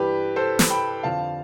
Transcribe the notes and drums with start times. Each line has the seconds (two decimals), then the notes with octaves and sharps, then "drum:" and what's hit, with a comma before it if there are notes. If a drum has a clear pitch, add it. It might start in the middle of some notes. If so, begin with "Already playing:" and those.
Already playing: G2 E3 G3 G4 B4
0.36 A4 C5
0.59 drum: snare
0.70 G5 B5
1.03 F2 D3 F3 F5 A5